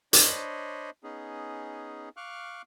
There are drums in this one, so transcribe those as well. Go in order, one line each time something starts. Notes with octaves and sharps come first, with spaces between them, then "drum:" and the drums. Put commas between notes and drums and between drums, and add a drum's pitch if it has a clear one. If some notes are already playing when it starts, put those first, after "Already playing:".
D4 C5 C#5 D#5 B5, drum: hi-hat
B3 C#4 D#4 G#4
F5 C#6 D6 F6 F#6